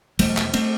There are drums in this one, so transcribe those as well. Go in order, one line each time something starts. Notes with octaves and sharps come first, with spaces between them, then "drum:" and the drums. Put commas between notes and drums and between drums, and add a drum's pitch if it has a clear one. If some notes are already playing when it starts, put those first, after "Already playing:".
E1 F#3 A3, drum: cymbal
E1, drum: clap
A3 C4, drum: cymbal